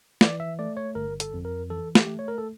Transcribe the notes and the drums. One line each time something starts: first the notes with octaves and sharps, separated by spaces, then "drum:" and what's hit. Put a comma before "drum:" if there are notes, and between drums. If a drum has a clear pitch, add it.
E3 D5, drum: snare
E5
A3 D5
C#5
G1 A#4
A4, drum: hi-hat
F2
A#4
E3 A4
G4, drum: snare
A3
C#5
A#4
A4